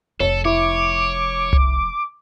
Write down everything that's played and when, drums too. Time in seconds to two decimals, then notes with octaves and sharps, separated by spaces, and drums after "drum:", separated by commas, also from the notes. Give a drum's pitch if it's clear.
0.20 F1 F3 A4 C#5
0.45 E4 C#5 D6
1.53 drum: tom C2